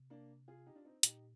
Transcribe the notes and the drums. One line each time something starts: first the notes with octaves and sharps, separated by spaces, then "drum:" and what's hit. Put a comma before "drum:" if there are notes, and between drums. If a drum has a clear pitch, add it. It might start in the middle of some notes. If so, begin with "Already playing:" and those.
Already playing: C3
A#3 D4
F4 G#4
D#4 G4
D4 F4
C4 D#4
A#2 D#4 G4, drum: hi-hat